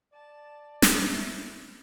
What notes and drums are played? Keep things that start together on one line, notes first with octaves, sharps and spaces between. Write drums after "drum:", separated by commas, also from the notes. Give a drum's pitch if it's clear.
D5 A5
E4, drum: snare